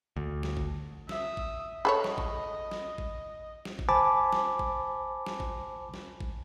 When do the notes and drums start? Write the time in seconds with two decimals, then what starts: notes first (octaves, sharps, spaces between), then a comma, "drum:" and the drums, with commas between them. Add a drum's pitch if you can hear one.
0.16 D2
0.43 drum: snare
0.57 drum: kick G#1
1.09 E5 D#6, drum: snare
1.37 drum: kick G#1
1.85 G#4 A4 C#5 D#5 B5
2.04 drum: snare
2.18 drum: kick G#1
2.71 drum: snare
2.98 drum: kick G#1
3.65 drum: snare
3.79 drum: kick G#1
3.89 C5 G#5 A5 B5 D6
4.33 drum: snare
4.59 drum: kick G#1
5.27 drum: snare
5.40 drum: kick G#1
5.94 drum: snare
6.20 drum: kick G#1